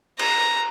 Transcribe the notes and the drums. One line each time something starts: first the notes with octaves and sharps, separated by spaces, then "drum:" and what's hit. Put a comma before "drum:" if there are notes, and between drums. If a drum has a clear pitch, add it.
A#5, drum: cymbal